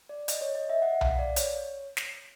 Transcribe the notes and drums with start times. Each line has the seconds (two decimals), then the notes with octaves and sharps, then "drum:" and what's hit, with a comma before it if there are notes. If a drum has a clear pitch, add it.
0.09 D5
0.28 D#5, drum: hi-hat
0.41 C#5
0.55 D#5
0.69 E5
0.82 F#5
1.01 F5, drum: tom B1
1.19 D5
1.36 C#5, drum: hi-hat
1.97 drum: snare